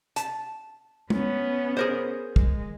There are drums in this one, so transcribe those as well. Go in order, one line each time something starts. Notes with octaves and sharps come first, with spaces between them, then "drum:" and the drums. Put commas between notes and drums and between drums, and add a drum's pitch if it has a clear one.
A5, drum: hi-hat
B3 C#4, drum: tom
G#4 A#4 C5
G#3, drum: kick